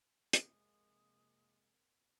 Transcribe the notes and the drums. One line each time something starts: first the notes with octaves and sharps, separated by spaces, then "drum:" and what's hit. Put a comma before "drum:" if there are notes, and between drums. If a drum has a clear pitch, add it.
F2 C3 G#3 A#3 D#6, drum: hi-hat